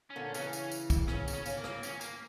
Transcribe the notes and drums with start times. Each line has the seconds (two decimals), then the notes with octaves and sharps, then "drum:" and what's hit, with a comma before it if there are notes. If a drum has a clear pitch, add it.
0.10 C#4
0.16 A#2 D3
0.34 C#3 E3 C#4, drum: tambourine
0.53 drum: tambourine
0.71 drum: tambourine
0.90 drum: kick, tambourine
1.08 C#3 C#4, drum: rim click
1.28 C#3, drum: tambourine
1.34 C#4
1.46 C#3, drum: tambourine
1.57 A#3
1.64 C#3, drum: rim click
1.83 C#4, drum: tambourine
2.01 A#3, drum: tambourine